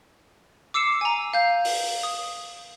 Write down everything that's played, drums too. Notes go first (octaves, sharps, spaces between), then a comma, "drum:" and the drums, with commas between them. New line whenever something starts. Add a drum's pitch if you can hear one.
D6 E6 C7 C#7 E7
G#5 A#5
F5 G6
drum: open hi-hat
D#6